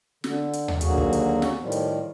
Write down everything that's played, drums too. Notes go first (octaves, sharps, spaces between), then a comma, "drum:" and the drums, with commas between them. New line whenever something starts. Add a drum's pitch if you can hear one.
D3, drum: snare
drum: hi-hat
drum: tom D#2
D#2 D3 F#3 A#3 F#4 G#4, drum: hi-hat
drum: kick
drum: hi-hat
drum: snare
A2 D#3 F3 G3
drum: hi-hat